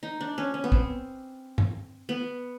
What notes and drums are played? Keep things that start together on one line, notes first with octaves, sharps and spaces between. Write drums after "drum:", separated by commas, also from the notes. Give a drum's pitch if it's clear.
D#4
D4
C#4
C#4
B3
C4, drum: kick
drum: tom
B3